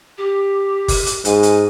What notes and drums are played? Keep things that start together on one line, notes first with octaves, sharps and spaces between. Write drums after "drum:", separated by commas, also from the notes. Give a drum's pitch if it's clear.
G4
drum: kick F1, open hi-hat
drum: hi-hat
G#2 G#5, drum: hi-hat
drum: hi-hat